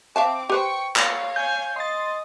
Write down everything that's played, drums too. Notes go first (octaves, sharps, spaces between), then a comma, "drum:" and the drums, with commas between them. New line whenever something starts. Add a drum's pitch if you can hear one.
C4 E5 F5 A5 D6
G4 B4 C5 G5 C#6
C#5 F5, drum: clap
G#5 G6
D#5 C6 A6